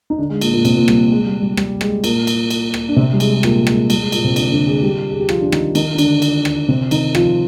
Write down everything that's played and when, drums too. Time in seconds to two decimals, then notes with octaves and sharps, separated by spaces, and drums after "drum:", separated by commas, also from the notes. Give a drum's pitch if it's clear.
0.10 D#4
0.18 D3 D4
0.30 G#3
0.41 A#2 A#3, drum: cymbal
0.53 A#2 A#3
0.65 C3 C4, drum: cymbal
0.76 A#2 A#3
0.88 G3, drum: rim click
1.12 G#3
1.26 G3
1.42 G3
1.57 G3, drum: rim click
1.81 G#3, drum: rim click
2.04 A#2 A#3, drum: cymbal
2.27 drum: cymbal
2.50 drum: cymbal
2.74 drum: rim click
2.89 D4
2.96 C3 C4
3.13 G3
3.20 G#3, drum: cymbal
3.35 G#3
3.43 A#2 A#3, drum: rim click
3.67 G#3, drum: rim click
3.90 G3, drum: cymbal
4.01 G#3
4.12 A#2 A#3, drum: cymbal
4.24 C3 C4
4.36 D3 D4, drum: cymbal
4.52 D3 D4
4.67 G#3 G#4
4.83 G3 G4
5.11 G#4
5.20 G4
5.29 F3 F4, drum: rim click
5.41 D4
5.52 D#3 D#4, drum: rim click
5.75 D#3 D#4, drum: cymbal
5.94 D#4
5.98 D3 D4, drum: cymbal
6.22 drum: cymbal
6.45 drum: rim click
6.68 C3 C4
6.91 D#3 D#4, drum: cymbal
7.15 F3 F4, drum: rim click